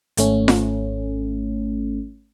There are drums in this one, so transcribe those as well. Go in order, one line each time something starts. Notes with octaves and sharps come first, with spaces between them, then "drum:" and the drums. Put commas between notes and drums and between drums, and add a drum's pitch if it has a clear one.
G#1 A3 C#4, drum: hi-hat
drum: snare F4